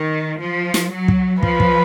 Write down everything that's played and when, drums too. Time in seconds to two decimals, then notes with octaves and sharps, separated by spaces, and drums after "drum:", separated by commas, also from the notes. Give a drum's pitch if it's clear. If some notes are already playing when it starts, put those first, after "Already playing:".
Already playing: D#3
0.39 F3
0.74 drum: snare
0.92 F#3
1.08 drum: kick
1.43 F3 B4, drum: kick
1.60 drum: kick